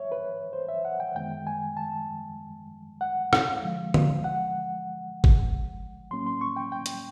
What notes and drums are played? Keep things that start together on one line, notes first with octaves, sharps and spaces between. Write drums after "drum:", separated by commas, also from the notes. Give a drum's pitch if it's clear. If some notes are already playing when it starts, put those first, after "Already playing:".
Already playing: C#5 E5
B4
C5
E5
F#5
G5
F#2 D#3 G#3 B3 G5
G#5
A5
F#5
F5, drum: rim click
D3 F3 G#3 F5
F5, drum: tom
F#5
drum: kick
A2 F#3 A#3 C#4 C6
C6
C#6
G5
G5
drum: hi-hat